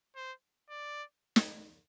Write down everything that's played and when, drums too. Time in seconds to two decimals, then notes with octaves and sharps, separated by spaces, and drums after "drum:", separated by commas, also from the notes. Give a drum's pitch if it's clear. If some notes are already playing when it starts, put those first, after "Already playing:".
0.16 C5
0.70 D5
1.36 drum: snare